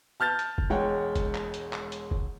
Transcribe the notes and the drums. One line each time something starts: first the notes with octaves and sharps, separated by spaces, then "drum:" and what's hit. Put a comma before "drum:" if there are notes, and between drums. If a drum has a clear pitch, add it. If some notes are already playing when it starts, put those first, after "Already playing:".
A5 F6 G6 A6
drum: hi-hat
drum: kick
E1 G#3 C#5 F#5 G5
drum: kick, hi-hat
drum: clap
drum: hi-hat
drum: clap
drum: hi-hat
drum: kick